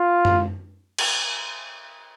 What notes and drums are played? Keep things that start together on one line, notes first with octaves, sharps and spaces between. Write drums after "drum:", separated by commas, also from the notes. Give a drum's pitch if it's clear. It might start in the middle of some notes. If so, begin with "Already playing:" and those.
Already playing: F4
drum: tom F#2
drum: cymbal